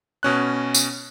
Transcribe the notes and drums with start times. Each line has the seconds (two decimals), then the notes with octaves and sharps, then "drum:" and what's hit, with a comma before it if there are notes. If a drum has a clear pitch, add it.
0.23 B2 C#4 F#6
0.75 drum: tambourine